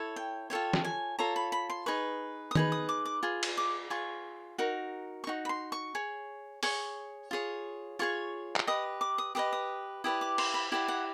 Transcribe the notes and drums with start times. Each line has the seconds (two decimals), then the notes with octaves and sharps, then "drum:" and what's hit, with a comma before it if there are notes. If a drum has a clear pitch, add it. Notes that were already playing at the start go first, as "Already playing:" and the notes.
Already playing: E4 A4 C#5
0.16 G5
0.50 F4 A4 C#5 G5
0.73 drum: snare
0.85 G#5
1.19 F4 A4 C#5 A#5
1.36 B5
1.52 B5
1.70 C6
1.86 D#4 G#4 B4 C#6
2.51 D#6
2.55 D#4 G#4 B4, drum: tom D#3
2.72 D#6
2.89 D6
3.05 D6
3.23 F4 G#4
3.43 drum: cymbal
3.57 D6
3.90 F4 G#4 C#6
4.58 D#4 F#4 A#4
5.24 C#6
5.27 D#4 F#4
5.45 B5
5.49 C6
5.72 C#6
5.95 G#4 C#5
6.63 G#4 C#5 C#6, drum: open hi-hat
7.31 F4 G#4 C#5
7.99 F4 G#4 C#5 C#6
8.56 drum: clap
8.67 G4 B4 D#5 D#6
9.01 D6
9.18 D#6
9.35 G4 B4 D#5 D#6
9.53 D#6
10.04 E4 G4 B4 D5 D#6
10.21 D6
10.38 C6, drum: cymbal
10.54 B5
10.72 E4 G4 B4 D5 F#5
10.88 F#5